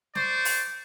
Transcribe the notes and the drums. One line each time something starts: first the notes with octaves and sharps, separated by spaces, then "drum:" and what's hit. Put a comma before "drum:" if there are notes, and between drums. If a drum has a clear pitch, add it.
C5 D5 C#6, drum: snare
drum: open hi-hat